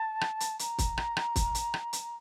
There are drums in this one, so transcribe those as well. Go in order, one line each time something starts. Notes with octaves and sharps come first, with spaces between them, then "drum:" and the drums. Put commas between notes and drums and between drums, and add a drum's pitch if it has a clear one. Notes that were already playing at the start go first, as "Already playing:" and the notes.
Already playing: A5
drum: rim click
drum: hi-hat
A#5, drum: hi-hat
drum: kick, hi-hat
drum: rim click
drum: rim click
drum: kick, hi-hat
drum: hi-hat
drum: rim click
drum: hi-hat